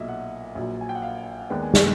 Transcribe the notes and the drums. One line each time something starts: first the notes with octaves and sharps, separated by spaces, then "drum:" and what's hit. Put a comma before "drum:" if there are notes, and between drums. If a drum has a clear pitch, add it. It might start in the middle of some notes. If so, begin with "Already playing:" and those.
Already playing: B1 A#2 F#3 D#5 E5
F#5
A#1 A#2 F#3
G#5
G5
F#5
F5
F#5
D#2 D#3 G#3 B3 D4 G5
G#5
G#5, drum: snare